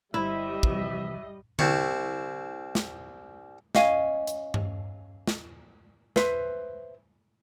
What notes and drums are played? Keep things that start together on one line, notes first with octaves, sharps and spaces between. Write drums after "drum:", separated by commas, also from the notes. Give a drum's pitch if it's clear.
G1 G3 E4 C5 D#5 E5
C3 E3 F3, drum: kick
C2 C4 E4 A5 C#6, drum: tom D3
drum: snare
C#4 D#5 F5 G#5, drum: snare
drum: hi-hat
drum: tom G2
drum: snare
B4 C5 E5, drum: snare